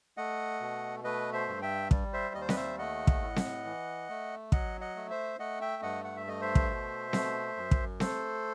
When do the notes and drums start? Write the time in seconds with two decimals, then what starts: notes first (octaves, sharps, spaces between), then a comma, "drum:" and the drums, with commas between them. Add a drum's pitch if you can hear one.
0.17 A3 D#5 F#5
0.61 B2
1.04 A3 B4 D#5
1.33 C5 E5
1.48 G2
1.62 E5 G5
1.91 G3, drum: kick
2.13 C5 E5
2.35 D#2 D#5
2.41 C5
2.49 B4 D#5, drum: snare C4
2.56 C5 E5
2.78 A3 D#5 F#5
3.07 drum: kick
3.22 A2
3.36 drum: snare C4
3.65 E3
4.09 A3
4.52 F#3 D#5 F#5, drum: kick
4.81 D#5 F#5
4.96 A3
5.10 C5 E5
5.39 A3 D#5 F#5
5.61 E5 G5
5.83 G2 D#5 F#5
6.04 F#5
6.17 E5
6.27 A3 D#5
6.42 C5 E5
6.55 drum: kick
6.70 B2
7.13 A3, drum: snare C4
7.57 F#2
7.71 drum: kick
8.00 A3 A4 C5, drum: snare C4